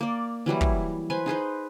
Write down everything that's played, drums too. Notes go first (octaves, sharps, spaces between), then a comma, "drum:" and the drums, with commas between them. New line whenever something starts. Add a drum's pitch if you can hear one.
A#3 D5
E3 F#3 G3 E4
drum: kick
B4 C5 G#5
D#4 G#4 B4 C5